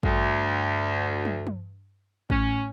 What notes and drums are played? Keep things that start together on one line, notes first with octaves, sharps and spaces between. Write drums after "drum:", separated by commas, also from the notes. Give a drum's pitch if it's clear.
D2 G2, drum: kick A1
drum: tom
drum: tom
A2 C#4, drum: kick A1